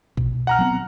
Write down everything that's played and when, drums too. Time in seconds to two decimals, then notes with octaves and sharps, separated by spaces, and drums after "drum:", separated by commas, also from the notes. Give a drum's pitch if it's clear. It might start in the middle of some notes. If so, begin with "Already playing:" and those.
0.17 B2, drum: kick
0.47 F#5 A#5 F6
0.59 F#3 B3 C4